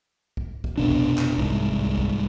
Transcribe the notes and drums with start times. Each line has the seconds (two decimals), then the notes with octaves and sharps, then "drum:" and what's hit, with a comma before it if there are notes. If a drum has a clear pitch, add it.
0.37 drum: kick
0.64 drum: kick
0.78 F1 B1 B2 D4
0.91 drum: kick
1.18 drum: clap
1.38 C2 G#2
1.72 drum: kick
1.98 drum: kick